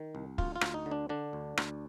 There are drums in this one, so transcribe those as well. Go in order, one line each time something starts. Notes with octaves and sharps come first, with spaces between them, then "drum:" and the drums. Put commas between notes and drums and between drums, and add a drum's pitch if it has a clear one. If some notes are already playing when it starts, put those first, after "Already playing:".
Already playing: D#3
C2
D2 F4, drum: kick
F4
D2, drum: rim click
D#4
D3
D4
D3 D4
D2
D2, drum: rim click